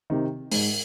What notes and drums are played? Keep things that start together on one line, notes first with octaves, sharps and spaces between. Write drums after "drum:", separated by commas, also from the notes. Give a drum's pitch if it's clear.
C3 D#3
G#2, drum: open hi-hat